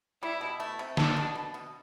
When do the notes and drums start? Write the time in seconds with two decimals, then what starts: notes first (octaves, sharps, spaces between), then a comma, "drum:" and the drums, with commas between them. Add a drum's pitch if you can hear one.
0.23 G3 E4
0.41 B2
0.60 A3
0.79 C3
0.97 D4 A4, drum: snare
1.17 B2
1.35 B2
1.54 B2